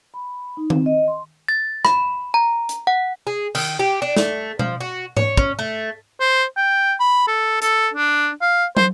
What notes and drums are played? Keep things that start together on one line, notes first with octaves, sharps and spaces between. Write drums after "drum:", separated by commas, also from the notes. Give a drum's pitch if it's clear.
B5
D#4
C4, drum: tom D#3
D#5
C6
A6
B5, drum: rim click
A#5
drum: hi-hat
F#5
G#4
D#3, drum: cymbal
G4
D4
A3, drum: snare
F3, drum: tom B2
F#4
C#5, drum: tom G#2
C#4, drum: kick
A3
C5
G5
B5
A4
A4, drum: hi-hat
D4
F5
C5, drum: tom